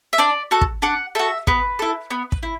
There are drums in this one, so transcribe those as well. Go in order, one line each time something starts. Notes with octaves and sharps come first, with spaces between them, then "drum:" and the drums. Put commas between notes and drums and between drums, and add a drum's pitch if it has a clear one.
E5
D4 D5
F#4 A4
drum: kick
D4 F#5
F#4 A4 E5
B3 B4, drum: kick
E4 A4
B3
drum: kick
E4